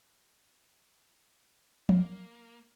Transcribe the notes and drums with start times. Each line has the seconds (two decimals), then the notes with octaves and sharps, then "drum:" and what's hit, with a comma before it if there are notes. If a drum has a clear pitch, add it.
1.89 A#3, drum: tom